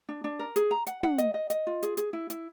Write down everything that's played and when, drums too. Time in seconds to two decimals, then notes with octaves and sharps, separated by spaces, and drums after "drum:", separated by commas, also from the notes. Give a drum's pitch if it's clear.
0.09 D4
0.24 D4
0.39 A#4
0.56 G#4, drum: hi-hat
0.71 A#5
0.87 F#5, drum: hi-hat
1.03 F#5, drum: tom
1.18 D#5, drum: hi-hat
1.34 D#5
1.50 D#5, drum: hi-hat
1.67 F4
1.83 G#4, drum: hi-hat
1.97 G#4, drum: hi-hat
2.13 E4
2.30 E4, drum: hi-hat